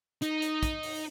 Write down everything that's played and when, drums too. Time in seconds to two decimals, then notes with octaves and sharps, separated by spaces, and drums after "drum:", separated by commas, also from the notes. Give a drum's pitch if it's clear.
0.22 D#4, drum: hi-hat
0.42 drum: hi-hat
0.63 drum: kick, hi-hat
0.83 drum: open hi-hat